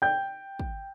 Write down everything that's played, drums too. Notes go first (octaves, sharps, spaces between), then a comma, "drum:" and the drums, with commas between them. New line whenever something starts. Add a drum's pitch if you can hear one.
G5 G6
drum: kick